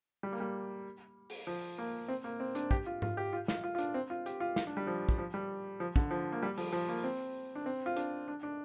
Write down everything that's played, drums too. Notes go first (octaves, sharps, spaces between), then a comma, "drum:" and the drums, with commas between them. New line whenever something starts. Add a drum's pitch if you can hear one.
G3
A#3
G3
drum: open hi-hat
F3
A#3
C4
A#3
C4
D4, drum: hi-hat
G4, drum: kick
F4
F4, drum: tom G#2
G4
F4
F4, drum: snare
F4
F4
D4, drum: hi-hat
C4
F4
G4, drum: hi-hat
F4
F4, drum: snare
D4
G3
F3
drum: kick
F3
G3
F3
D3, drum: kick
F3
A#3
G3
F3, drum: open hi-hat
F3
A#3
C4
D4
C4
F4
D4, drum: hi-hat
D4
D4